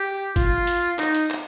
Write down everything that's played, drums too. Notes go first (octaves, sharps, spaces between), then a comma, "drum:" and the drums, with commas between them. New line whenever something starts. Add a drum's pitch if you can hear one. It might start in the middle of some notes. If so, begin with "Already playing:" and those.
Already playing: G4
F4, drum: kick G#1, hi-hat
drum: hi-hat
D#4, drum: clap
drum: hi-hat
drum: clap